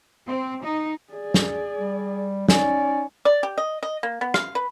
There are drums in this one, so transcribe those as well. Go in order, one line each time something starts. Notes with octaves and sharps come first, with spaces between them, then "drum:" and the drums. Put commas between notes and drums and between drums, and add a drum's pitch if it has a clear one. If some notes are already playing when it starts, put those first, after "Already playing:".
C4
D#4
G#4 D5
drum: snare
G3
C#4 D#4 D5, drum: snare
D5
G4
D#5
D#5
A#3
B3
F5, drum: rim click
B4